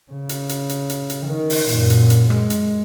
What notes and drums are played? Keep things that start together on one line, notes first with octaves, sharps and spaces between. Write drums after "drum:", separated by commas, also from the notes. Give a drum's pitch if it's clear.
C#3
drum: hi-hat
drum: hi-hat
drum: hi-hat
drum: hi-hat
drum: hi-hat
D#3
drum: open hi-hat
F#2 A#2, drum: hi-hat
drum: hi-hat
drum: hi-hat
G#3, drum: rim click
drum: hi-hat